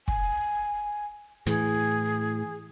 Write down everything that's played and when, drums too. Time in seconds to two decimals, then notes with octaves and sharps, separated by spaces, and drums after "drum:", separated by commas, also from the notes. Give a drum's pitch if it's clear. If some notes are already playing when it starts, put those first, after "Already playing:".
0.08 G#5, drum: kick
1.47 A2 E3 G#4, drum: hi-hat